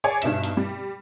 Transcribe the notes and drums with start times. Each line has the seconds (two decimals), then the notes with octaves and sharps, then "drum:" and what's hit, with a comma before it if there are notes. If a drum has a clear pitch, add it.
0.04 G#4 C#5 D5 G#5
0.22 G2 B2 D#4 E5 E7, drum: hi-hat
0.44 drum: hi-hat
0.57 G3